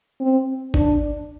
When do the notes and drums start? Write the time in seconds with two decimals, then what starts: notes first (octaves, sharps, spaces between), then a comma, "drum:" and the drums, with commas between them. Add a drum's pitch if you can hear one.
0.20 C4
0.74 D4, drum: kick G#1